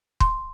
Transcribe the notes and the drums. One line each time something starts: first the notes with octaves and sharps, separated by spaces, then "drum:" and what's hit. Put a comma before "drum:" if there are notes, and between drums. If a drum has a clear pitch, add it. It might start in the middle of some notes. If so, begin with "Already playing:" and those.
C6, drum: kick